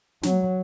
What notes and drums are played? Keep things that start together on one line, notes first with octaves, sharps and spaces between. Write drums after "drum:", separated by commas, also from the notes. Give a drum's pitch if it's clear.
F#3, drum: snare